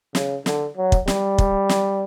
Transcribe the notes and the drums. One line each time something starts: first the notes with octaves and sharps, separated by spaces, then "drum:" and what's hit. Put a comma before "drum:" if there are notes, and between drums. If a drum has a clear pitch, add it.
C#3, drum: snare
D3, drum: snare
F#3
drum: kick
G3, drum: snare
drum: kick
drum: snare